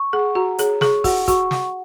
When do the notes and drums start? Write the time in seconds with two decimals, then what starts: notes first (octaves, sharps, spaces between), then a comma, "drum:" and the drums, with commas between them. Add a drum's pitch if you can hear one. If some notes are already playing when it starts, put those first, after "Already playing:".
Already playing: C#6
0.13 G#4 F#5
0.35 F#4 A#5
0.58 G#4 C#5, drum: hi-hat
0.81 G#4 C#6, drum: snare
1.04 F#4 F#5, drum: kick, open hi-hat
1.28 F#4 C#6, drum: kick, hi-hat
1.51 F#5, drum: snare